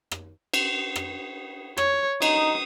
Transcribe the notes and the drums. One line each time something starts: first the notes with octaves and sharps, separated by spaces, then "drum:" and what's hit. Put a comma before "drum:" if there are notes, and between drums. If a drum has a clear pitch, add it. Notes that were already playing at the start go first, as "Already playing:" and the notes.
drum: rim click
drum: cymbal
drum: rim click
C#5, drum: rim click
D#4 D#6, drum: cymbal